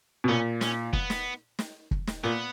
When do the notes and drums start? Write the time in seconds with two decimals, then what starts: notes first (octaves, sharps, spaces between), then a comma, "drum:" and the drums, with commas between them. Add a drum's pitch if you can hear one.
0.24 B2
0.28 A#2 C#4
0.61 C#4, drum: snare
0.93 B3, drum: kick
1.10 drum: snare
1.59 drum: snare
1.91 drum: kick
2.07 drum: snare
2.24 A#2 B3